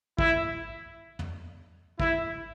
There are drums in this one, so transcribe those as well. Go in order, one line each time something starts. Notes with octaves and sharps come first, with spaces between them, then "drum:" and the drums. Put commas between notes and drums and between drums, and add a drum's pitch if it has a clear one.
E4, drum: kick
drum: tom
E4, drum: kick